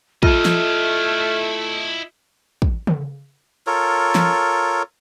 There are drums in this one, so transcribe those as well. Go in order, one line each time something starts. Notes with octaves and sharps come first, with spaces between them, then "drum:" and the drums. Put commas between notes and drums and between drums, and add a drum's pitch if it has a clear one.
A3 E4 F4 D#5 F6, drum: kick
drum: snare
drum: kick
drum: tom C#3
F4 A4 A#4 C#5
drum: snare